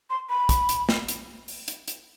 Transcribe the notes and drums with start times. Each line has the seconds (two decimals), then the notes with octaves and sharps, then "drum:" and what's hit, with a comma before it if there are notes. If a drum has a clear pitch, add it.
0.10 C6
0.29 B5
0.49 drum: kick, hi-hat
0.69 drum: hi-hat
0.89 drum: snare
1.08 drum: hi-hat
1.48 drum: open hi-hat
1.68 drum: hi-hat
1.88 drum: hi-hat